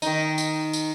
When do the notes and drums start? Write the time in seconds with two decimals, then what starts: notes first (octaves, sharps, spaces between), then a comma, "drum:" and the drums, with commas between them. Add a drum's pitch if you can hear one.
0.02 D#3 D#4, drum: tambourine
0.38 drum: tambourine
0.73 drum: tambourine